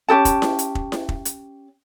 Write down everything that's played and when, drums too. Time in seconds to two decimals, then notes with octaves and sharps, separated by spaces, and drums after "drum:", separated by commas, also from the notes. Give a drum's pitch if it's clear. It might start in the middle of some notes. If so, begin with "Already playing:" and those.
0.09 C#4 G4 A4 A5
0.25 drum: kick, hi-hat
0.42 drum: snare E4
0.59 drum: hi-hat
0.75 drum: kick
0.92 drum: snare E4
1.09 drum: kick
1.25 drum: hi-hat